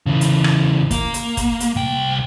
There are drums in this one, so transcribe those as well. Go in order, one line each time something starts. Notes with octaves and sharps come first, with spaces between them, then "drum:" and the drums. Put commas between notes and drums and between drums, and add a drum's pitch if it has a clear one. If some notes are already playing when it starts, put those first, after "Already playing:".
C#3 E3
drum: hi-hat
drum: rim click
A#3, drum: kick, hi-hat
drum: hi-hat
drum: kick, hi-hat
drum: hi-hat
C2 G5